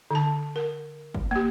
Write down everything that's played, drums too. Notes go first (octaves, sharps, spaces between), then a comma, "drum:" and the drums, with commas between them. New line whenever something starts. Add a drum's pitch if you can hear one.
D3 A5
A#4
drum: kick
A#3 G4